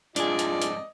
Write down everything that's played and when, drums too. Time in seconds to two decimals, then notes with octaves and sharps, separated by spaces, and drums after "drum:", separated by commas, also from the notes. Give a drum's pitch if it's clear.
0.16 F2 G#2 D4 F4 G#4 D5 D#5, drum: hi-hat
0.39 drum: hi-hat
0.62 drum: hi-hat